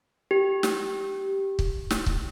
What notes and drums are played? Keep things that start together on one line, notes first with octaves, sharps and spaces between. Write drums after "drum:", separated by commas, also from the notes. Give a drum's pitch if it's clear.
G4
drum: snare
drum: kick
drum: snare
drum: kick